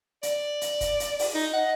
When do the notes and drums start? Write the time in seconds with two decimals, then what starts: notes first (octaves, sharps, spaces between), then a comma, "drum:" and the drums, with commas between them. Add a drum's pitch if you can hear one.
0.23 D5, drum: hi-hat
0.61 drum: hi-hat
0.81 drum: kick, hi-hat
1.00 drum: hi-hat
1.19 drum: open hi-hat
1.35 D#4
1.53 D#5 F#5